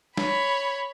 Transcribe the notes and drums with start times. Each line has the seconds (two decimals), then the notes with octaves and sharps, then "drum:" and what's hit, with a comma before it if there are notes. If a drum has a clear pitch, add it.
0.17 C#5 B5, drum: snare